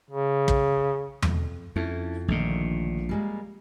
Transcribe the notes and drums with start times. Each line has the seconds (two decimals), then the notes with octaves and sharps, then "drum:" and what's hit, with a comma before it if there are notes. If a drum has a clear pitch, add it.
0.11 C#3
0.48 drum: kick
1.22 F2, drum: tom E2
1.76 F2 C#4 E4 A4
2.28 A#1 A#2 D3 D#3 A3
3.09 G3 G#3 A#3